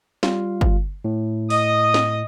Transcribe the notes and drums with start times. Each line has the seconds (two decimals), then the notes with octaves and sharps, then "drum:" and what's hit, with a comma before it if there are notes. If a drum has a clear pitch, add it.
0.23 G3 F4 F5, drum: snare
0.61 drum: kick
1.05 A2
1.50 D#5 D#6, drum: open hi-hat
1.94 drum: snare